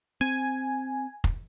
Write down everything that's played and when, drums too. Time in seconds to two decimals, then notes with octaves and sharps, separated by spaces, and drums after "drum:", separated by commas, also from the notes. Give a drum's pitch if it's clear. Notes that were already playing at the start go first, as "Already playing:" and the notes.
0.21 C4 G#5
1.24 drum: kick F1